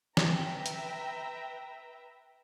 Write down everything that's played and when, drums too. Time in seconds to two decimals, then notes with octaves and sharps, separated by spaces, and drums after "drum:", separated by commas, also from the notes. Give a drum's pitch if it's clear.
0.17 B4 E5 G5 A#5, drum: snare
0.66 drum: hi-hat